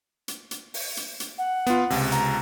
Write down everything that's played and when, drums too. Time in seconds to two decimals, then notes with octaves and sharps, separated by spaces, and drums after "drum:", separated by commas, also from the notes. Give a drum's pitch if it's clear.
0.28 drum: hi-hat
0.51 drum: hi-hat
0.74 drum: open hi-hat
0.97 drum: hi-hat
1.20 drum: hi-hat
1.38 F#5
1.67 B3 F4, drum: hi-hat
1.90 C#2 C3, drum: open hi-hat
2.12 A#5, drum: hi-hat